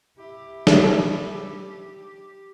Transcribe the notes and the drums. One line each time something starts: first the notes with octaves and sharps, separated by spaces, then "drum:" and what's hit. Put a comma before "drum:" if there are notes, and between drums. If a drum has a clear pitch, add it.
E4 G4
drum: snare